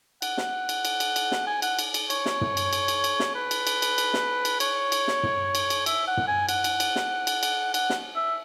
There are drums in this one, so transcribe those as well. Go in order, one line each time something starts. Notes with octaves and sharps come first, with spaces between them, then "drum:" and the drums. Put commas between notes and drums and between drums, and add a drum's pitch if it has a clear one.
F#5, drum: cymbal
drum: snare
drum: cymbal
drum: cymbal
drum: cymbal
drum: cymbal
drum: snare
G#5
F#5, drum: cymbal
drum: cymbal
drum: cymbal
C#5, drum: cymbal
drum: snare
drum: tom
drum: cymbal
drum: cymbal
drum: cymbal
drum: cymbal
drum: snare
B4
drum: cymbal
drum: cymbal
drum: cymbal
drum: cymbal
drum: snare
drum: cymbal
C#5, drum: cymbal
drum: cymbal
drum: snare
drum: tom
drum: cymbal
drum: cymbal
E5, drum: cymbal
F#5
drum: tom
G#5
F#5, drum: cymbal
drum: cymbal
drum: cymbal
drum: snare
drum: cymbal
drum: cymbal
F#5, drum: cymbal
drum: snare
E5